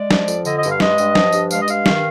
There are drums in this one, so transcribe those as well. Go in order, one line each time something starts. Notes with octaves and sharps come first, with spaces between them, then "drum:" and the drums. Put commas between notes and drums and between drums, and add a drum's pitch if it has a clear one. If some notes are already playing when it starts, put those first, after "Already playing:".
Already playing: G#3 D5
F3, drum: snare
F2, drum: tambourine
D3 D#5, drum: tambourine
D#5
G2, drum: tambourine
F5
G#3 D#5, drum: snare
G2, drum: tambourine
F3, drum: snare
G2, drum: tambourine
G#3 F5, drum: tambourine
D#5
G2 F5, drum: tambourine
D#3, drum: snare